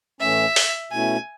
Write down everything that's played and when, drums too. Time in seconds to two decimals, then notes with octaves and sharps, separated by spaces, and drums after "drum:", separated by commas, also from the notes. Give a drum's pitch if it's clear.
0.20 A2 E3 A3 C#4 E5
0.56 drum: open hi-hat
0.92 B2 A3 C#4 E4 G#5